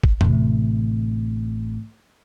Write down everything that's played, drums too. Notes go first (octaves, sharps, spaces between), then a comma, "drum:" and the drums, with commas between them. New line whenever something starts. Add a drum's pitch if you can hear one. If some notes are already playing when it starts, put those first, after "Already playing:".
drum: kick
A1 C3, drum: tom F2